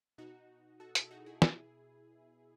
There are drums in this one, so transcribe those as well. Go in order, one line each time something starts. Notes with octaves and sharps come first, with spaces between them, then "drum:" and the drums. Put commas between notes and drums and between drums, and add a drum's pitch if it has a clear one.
B2 D#4 F#4
F#4 A4
E4 G#4, drum: hi-hat
D#4 F#4
E4 G#4
B2 E4 G#4, drum: snare